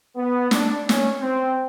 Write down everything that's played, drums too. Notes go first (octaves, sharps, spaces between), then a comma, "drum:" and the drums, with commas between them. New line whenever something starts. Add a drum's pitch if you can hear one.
B3
D4, drum: snare
C#4, drum: snare
C4